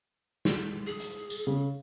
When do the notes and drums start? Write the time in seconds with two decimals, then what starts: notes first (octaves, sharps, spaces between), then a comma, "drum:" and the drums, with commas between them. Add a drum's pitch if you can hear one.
0.45 drum: snare
0.87 G#4
1.00 drum: hi-hat
1.30 drum: tambourine
1.47 C#3